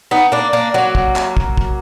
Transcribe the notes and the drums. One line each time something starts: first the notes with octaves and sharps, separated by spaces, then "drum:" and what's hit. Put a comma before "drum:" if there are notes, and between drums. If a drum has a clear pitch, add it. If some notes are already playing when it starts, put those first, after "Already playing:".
B3 D#4
A#3 D4
A#3 D4
F#3 A#3
drum: kick
drum: clap
drum: kick
drum: kick